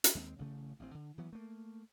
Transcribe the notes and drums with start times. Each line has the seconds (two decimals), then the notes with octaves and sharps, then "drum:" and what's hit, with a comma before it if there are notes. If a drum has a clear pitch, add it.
0.04 drum: hi-hat
0.15 D#2 G#3 B3 C4
0.39 A1 C#3 A3
0.80 A1 C4
0.94 D3
1.18 E3 F#3 B3
1.33 A3 A#3